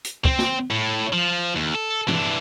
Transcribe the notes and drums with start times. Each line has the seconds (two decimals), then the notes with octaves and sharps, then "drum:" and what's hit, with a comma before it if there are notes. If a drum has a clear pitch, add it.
0.05 drum: hi-hat
0.25 C4, drum: kick
0.39 drum: snare
0.71 A2
1.13 F3
1.56 D#2
1.75 A4
2.08 E3 D4, drum: tom